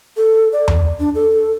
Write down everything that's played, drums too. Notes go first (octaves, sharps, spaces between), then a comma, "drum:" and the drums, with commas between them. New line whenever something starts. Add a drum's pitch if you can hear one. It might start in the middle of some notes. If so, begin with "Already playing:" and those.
A4
D5
drum: tom E2
D4
A4